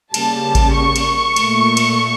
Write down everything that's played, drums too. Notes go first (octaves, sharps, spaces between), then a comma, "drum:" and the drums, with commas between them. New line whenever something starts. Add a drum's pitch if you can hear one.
C#3 G3 A#3 A5, drum: cymbal
drum: kick A1, cymbal
C#6
drum: cymbal
A#2 A3, drum: cymbal
drum: cymbal